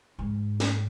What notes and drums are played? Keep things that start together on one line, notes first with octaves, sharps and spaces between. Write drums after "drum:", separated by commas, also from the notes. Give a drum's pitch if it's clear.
G#2
drum: snare